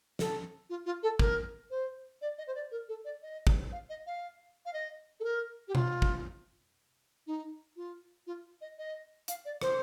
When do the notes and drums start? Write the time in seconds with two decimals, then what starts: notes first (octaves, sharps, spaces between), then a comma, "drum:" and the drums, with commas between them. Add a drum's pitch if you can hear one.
0.19 A4, drum: snare
0.69 F4
0.85 F4
1.03 A4
1.19 A#4, drum: kick
1.70 C5
2.21 D5
2.38 D#5
2.47 C5
2.55 D5
2.71 A#4
2.88 A4
3.04 D5
3.22 D#5
3.47 drum: kick
3.72 F5
3.89 D#5
4.06 F5
4.65 F5
4.73 D#5
5.20 A4
5.24 A#4
5.68 G4
5.75 F4, drum: tom B2
6.02 drum: kick
7.26 D#4
7.76 F4
8.26 F4
8.61 D#5
8.78 D#5
9.28 F5, drum: hi-hat
9.45 D5
9.62 C5, drum: rim click